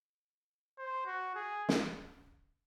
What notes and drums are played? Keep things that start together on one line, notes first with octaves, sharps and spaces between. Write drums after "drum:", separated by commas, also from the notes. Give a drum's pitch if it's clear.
C5
F#4
G#4
drum: snare